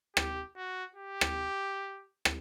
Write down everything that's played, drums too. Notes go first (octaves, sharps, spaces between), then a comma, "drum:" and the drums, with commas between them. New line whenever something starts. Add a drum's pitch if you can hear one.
G4, drum: rim click
F#4
G4
drum: rim click
drum: rim click